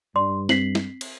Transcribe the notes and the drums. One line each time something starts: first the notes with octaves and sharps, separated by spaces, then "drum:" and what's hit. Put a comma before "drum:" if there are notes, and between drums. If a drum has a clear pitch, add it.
G2 D5 C6
C4 B6 C7 F#7, drum: snare
drum: snare
drum: cymbal